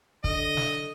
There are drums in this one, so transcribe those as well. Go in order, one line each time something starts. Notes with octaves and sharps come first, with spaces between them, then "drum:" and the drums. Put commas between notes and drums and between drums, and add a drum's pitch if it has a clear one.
D3 D#5, drum: kick
drum: snare